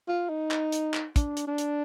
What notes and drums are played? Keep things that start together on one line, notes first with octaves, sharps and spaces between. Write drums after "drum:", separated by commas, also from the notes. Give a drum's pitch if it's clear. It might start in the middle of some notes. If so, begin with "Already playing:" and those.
F4
D#4
drum: clap
drum: hi-hat
drum: clap
D4, drum: kick, hi-hat
drum: hi-hat
D4
drum: hi-hat